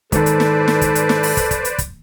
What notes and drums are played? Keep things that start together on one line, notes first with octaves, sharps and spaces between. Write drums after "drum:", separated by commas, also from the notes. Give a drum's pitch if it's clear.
G#2 D#3 A4 B4 C5 D5, drum: kick, hi-hat
drum: hi-hat
drum: snare
drum: snare
drum: kick, hi-hat
drum: hi-hat
drum: snare
drum: open hi-hat
drum: kick, hi-hat
drum: kick, hi-hat
drum: hi-hat
drum: kick, hi-hat